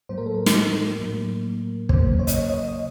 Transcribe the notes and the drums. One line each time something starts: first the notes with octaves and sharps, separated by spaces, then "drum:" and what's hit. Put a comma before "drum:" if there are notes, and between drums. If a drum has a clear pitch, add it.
A2 F#3 A#3 C5
A#4
A4
A#4
drum: snare
A2 F#3 A#3
C#3 F#3 A#3 C5, drum: kick
C#5
D#5, drum: hi-hat
C#5
D#5
D#5